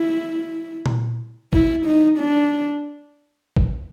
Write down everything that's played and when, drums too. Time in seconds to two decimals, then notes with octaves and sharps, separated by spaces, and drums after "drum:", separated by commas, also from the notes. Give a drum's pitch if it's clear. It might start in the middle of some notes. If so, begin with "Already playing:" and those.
Already playing: E4
0.86 drum: tom A#2
1.53 E4, drum: kick
1.85 D#4
2.18 D4
3.57 drum: kick